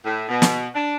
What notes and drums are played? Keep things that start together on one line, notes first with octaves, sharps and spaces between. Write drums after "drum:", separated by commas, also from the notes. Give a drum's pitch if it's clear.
A2
B2
drum: snare
D4